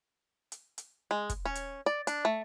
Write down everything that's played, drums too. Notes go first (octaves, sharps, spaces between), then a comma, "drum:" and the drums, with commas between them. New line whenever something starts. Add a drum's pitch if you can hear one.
drum: hi-hat
drum: hi-hat
G#3
drum: kick, hi-hat
C#4
drum: hi-hat
D5
D4, drum: hi-hat
A3